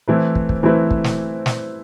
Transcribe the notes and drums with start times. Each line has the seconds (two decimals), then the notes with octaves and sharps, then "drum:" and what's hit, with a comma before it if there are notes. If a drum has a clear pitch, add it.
0.08 E3 A3 C4 E4 B4
0.35 drum: kick
0.49 drum: kick
0.63 E3 A3 C4 E4 B4
0.91 drum: kick
1.04 drum: snare
1.46 drum: snare